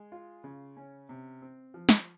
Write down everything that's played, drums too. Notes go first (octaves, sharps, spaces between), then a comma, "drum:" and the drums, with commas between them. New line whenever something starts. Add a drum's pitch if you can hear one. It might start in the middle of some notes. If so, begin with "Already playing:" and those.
Already playing: G#3
F4
C#3
C#4
C3
C4
F3
drum: snare